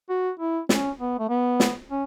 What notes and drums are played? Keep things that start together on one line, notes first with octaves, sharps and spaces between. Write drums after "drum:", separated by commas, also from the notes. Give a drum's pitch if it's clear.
F#4
E4
C#4, drum: snare
B3
A3
B3
drum: snare
C#4